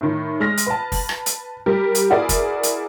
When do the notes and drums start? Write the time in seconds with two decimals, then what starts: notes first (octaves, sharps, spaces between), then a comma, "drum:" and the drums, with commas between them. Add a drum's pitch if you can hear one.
0.01 A2 D#3
0.40 G#3 F6 A#6
0.57 drum: hi-hat
0.67 B4 A5
0.92 drum: kick, open hi-hat
1.09 drum: rim click
1.26 drum: hi-hat
1.66 G3 G4 A#4
1.95 drum: hi-hat
2.10 B3 E4 F#4 G#4 A#4 D5
2.29 drum: kick, hi-hat
2.63 drum: hi-hat